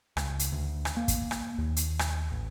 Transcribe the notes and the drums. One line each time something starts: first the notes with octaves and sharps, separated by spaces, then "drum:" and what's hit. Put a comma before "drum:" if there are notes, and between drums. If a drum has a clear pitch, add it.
C#2, drum: rim click
drum: hi-hat
D2
drum: rim click
A#3
drum: kick, hi-hat
drum: rim click
D#2
drum: hi-hat
drum: rim click
A1